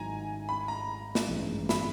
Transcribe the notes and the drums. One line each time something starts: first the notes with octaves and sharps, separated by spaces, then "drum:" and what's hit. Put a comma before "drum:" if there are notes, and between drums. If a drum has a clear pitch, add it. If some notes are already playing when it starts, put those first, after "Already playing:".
Already playing: G#1 G#2 D#3 F#3 G#5 A#5
B5
A#5
drum: snare
A1 G2 E3 G#3 C#4
B5, drum: snare